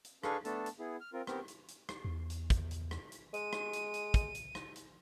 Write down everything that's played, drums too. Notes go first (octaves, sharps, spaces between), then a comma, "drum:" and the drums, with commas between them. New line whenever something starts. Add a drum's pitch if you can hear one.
drum: hi-hat
D4 G#4 A4 B4 F5 C#6, drum: rim click
A3 B3 D4 A4 A5, drum: hi-hat
drum: hi-hat
B3 E4 G#4
F6
C4 F4 A#4
B3 C4 G4 A#4, drum: rim click
drum: hi-hat
drum: hi-hat
drum: rim click
E2
drum: hi-hat
drum: kick, hi-hat
drum: hi-hat
drum: rim click
drum: hi-hat
G#3 D#7, drum: hi-hat
drum: rim click
drum: hi-hat
drum: hi-hat
drum: kick, hi-hat
drum: hi-hat
drum: rim click
drum: hi-hat